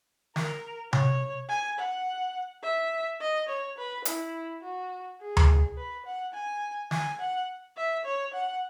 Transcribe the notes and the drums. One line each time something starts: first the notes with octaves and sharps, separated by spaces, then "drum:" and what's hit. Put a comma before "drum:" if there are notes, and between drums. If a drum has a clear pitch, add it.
A#4, drum: snare
C#5, drum: tom C3
G#5
F#5
E5
D#5
C#5
B4
E4, drum: hi-hat
F#4
G#4
drum: tom D2
B4
F#5
G#5
G#5, drum: snare
F#5
E5
C#5
F#5